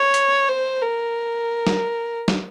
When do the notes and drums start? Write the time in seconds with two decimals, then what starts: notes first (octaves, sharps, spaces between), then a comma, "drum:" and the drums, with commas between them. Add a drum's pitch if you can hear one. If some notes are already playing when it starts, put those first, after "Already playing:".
Already playing: C#5
0.14 drum: hi-hat
0.49 C5
0.82 A#4
1.67 drum: snare
2.28 drum: snare